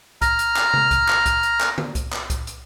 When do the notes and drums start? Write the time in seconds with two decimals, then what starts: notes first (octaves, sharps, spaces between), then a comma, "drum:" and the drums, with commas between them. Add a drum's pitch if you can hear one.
0.22 A#5 F6, drum: kick C2, hi-hat
0.39 drum: hi-hat
0.56 drum: clap
0.74 drum: tom C3
0.91 drum: kick C2, hi-hat
1.08 drum: clap
1.26 drum: kick C2, hi-hat
1.43 drum: hi-hat
1.60 drum: clap
1.78 drum: tom D3
1.95 drum: kick C2, hi-hat
2.12 drum: clap
2.30 drum: kick C2, hi-hat
2.47 drum: hi-hat